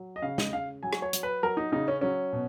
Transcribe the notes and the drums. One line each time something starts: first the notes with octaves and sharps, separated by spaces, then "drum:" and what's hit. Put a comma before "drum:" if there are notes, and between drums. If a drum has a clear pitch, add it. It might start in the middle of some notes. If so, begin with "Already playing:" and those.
Already playing: F#3
D#5
C#3 F5
D#5, drum: snare
C#3 F5
F#3 G#5
drum: rim click
C#5
F#3, drum: hi-hat
B4
F#3 A#4
D#4
C#3 D#4
C#4
F#3 C#4
B2